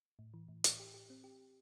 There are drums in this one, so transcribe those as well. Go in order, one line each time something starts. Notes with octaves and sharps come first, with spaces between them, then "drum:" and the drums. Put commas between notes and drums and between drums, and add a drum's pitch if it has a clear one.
A2
E3
A2
A2, drum: hi-hat
G4
G4
C4
G4